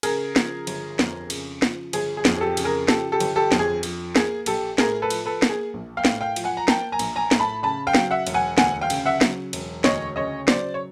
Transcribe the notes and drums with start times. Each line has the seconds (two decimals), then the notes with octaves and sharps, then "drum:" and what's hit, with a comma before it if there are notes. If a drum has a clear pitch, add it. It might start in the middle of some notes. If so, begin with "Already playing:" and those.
0.03 C#3 G#4 A#4, drum: cymbal
0.36 F3, drum: snare
0.67 G1, drum: cymbal
0.99 F2, drum: snare
1.30 C#3, drum: cymbal
1.62 F3, drum: snare
1.93 G1 G#4, drum: cymbal
2.17 G#4
2.25 F2, drum: snare
2.35 G#4
2.41 G4 A4
2.57 C#3, drum: cymbal
2.64 G#4 A#4
2.88 F3 G4 A4, drum: snare
3.12 G4 A4
3.20 G1, drum: cymbal
3.36 G4 A4
3.52 F2, drum: snare
3.59 G#4
3.83 F3, drum: cymbal
4.16 A#3 G#4, drum: snare
4.46 A#1 G4 A4, drum: cymbal
4.78 A2 G#4 A#4, drum: snare
5.02 A4 B4
5.10 F3, drum: cymbal
5.26 A4 B4
5.42 A#3, drum: snare
5.49 G#4
5.74 A#1
5.97 F5 G5
6.05 A2, drum: snare
6.21 F5 G5
6.36 F3, drum: cymbal
6.44 F#5 G#5
6.57 A#5
6.68 A#3 G5 A5, drum: snare
6.92 G#5 A#5
6.99 A#1, drum: cymbal
7.16 G#5 A#5
7.31 A2, drum: snare
7.40 A5 B5
7.63 C#3 A5 B5
7.87 F5 G5
7.95 F#3, drum: snare
8.11 E5 F#5
8.27 E1, drum: cymbal
8.34 F#5 G#5
8.58 D2 F#5 G#5, drum: snare
8.81 F5 G5
8.90 C#3, drum: cymbal
9.06 E5 F#5
9.21 F#3, drum: snare
9.53 E1, drum: cymbal
9.84 D2 C#5 D#5, drum: snare
10.16 C#3 C#5 D#5
10.48 F#3 C5 D5, drum: snare
10.74 C#5